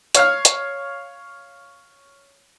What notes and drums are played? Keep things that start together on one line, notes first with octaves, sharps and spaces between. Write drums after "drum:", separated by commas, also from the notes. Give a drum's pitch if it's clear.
C#5 F5 F6, drum: hi-hat
drum: hi-hat